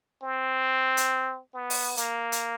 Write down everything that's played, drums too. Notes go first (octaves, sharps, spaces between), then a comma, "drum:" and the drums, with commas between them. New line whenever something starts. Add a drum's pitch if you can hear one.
C4
drum: hi-hat
B3
drum: open hi-hat
A#3, drum: hi-hat
drum: hi-hat